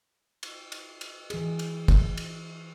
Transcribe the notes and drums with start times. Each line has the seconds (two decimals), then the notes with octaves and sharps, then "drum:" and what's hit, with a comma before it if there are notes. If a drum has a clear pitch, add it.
0.43 drum: cymbal
0.72 drum: cymbal
1.01 drum: cymbal
1.30 E3 G#4, drum: cymbal
1.59 drum: cymbal
1.88 drum: kick, cymbal
2.17 drum: cymbal